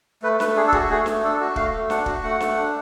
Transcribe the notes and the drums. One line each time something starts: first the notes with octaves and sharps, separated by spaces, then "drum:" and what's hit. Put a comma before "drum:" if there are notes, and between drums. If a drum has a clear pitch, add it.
A3 B4
A3 B4, drum: snare
D4 G#4
A4
F#4 G#4, drum: kick
A3 G#4
A3, drum: snare
D4 A4
F#4
A3 F5, drum: kick
A3
D4 F#5, drum: snare
F#4, drum: kick
A3 F#5
A3, drum: snare
D4